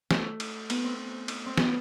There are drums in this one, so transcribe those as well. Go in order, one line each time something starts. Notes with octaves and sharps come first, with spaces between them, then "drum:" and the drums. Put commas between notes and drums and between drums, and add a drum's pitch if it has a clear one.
A3, drum: snare
drum: cymbal
B3, drum: cymbal
C4
drum: cymbal
C4
B3, drum: snare